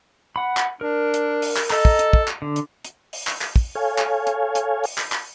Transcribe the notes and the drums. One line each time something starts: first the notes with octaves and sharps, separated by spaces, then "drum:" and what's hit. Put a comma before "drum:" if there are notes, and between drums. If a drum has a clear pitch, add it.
F#5 B5
drum: clap
D4 A#4
drum: hi-hat
drum: open hi-hat
drum: clap
A4 D#5 A#5, drum: clap
drum: kick
drum: hi-hat
drum: kick
drum: clap
D3
drum: hi-hat
drum: hi-hat
drum: open hi-hat
drum: clap
drum: clap
drum: kick
A4 C#5 F5 G#5
drum: clap
drum: hi-hat
drum: hi-hat
drum: open hi-hat
drum: clap
drum: clap